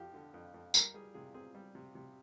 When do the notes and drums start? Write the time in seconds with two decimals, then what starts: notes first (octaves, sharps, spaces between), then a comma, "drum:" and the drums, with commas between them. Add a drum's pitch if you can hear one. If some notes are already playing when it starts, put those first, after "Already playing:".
Already playing: F2 F3 G4
0.14 D3
0.34 F2
0.54 F2
0.74 G3 A#4, drum: tambourine
0.94 G3 G#4
1.14 C3 G#4
1.34 C4 G#4
1.55 G3
1.75 C3
1.95 C3